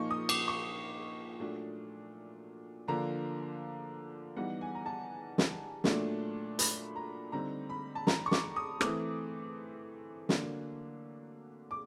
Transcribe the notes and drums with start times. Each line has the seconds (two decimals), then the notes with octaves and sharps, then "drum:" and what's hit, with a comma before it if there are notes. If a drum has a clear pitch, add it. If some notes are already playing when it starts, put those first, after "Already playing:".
Already playing: A#2 F3 A#3 D#4 C#6
0.11 D#6
0.29 D6, drum: cymbal
0.48 C#6
1.39 A#2 F#3 A3 D4
2.88 D3 F3 A#3 D4 A#5
4.36 E3 G3 B3 D#4 F#5
4.61 G#5
4.75 A#5
4.86 A5
5.38 drum: snare
5.84 A#2 F#3 A3 D4, drum: snare
6.59 B5, drum: hi-hat
6.96 A#5
7.32 D3 G3 C4 D#4 A#5
7.70 B5
7.95 A5
8.07 A#5, drum: snare
8.26 C#6
8.31 D6, drum: snare
8.56 D#6
8.81 E3 A3 C4 D6, drum: rim click
10.29 D3 F#3 A#3 D4, drum: snare
11.71 D6